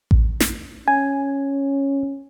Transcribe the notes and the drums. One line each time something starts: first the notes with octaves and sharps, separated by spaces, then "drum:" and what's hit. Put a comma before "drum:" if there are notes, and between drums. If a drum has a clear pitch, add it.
drum: kick A1
drum: snare
C#4 G#5